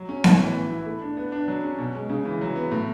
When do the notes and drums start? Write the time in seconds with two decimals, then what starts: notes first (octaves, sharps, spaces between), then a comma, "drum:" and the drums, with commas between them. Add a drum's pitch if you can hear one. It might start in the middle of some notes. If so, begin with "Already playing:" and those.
Already playing: F#3
0.09 C#4
0.24 A2, drum: snare B3
0.39 E3
0.55 B3
0.70 E4
0.86 A3
1.01 D4
1.17 B3
1.32 D4
1.48 F#3
1.64 C#4
1.78 B2
1.95 G#3
2.10 C#3
2.25 E3
2.41 F#3
2.56 B3
2.71 A2